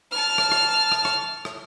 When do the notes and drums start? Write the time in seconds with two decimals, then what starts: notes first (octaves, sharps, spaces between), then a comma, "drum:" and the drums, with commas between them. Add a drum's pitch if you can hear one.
0.11 A5 F6
0.38 drum: rim click
0.52 drum: rim click
0.92 drum: rim click
1.05 drum: rim click
1.45 drum: rim click